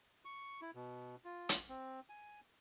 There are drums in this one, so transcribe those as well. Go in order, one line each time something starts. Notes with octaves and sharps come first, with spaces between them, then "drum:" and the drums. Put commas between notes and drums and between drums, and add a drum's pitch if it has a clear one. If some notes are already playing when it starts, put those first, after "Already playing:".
C#6
E4
B2
F4
drum: hi-hat
C4
G#5